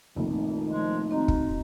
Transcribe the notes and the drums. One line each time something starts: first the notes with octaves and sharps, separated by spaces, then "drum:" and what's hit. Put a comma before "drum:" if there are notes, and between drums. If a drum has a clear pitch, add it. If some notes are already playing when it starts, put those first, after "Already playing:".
F1 A#1 F2 D#3
F3 G#3
C4 D#4 F#4 D#5 A#5
drum: kick